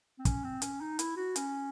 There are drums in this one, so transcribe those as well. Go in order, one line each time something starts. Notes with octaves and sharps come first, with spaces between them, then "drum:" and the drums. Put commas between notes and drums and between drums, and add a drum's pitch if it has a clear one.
C4
C#4, drum: kick, hi-hat
C4
C#4, drum: hi-hat
D#4
E4, drum: hi-hat
F#4
C#4, drum: hi-hat